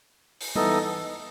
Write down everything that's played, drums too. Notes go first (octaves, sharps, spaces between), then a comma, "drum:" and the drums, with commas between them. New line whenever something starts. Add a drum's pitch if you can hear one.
drum: open hi-hat
E3 B3 D#4 A4 D#5, drum: tom G3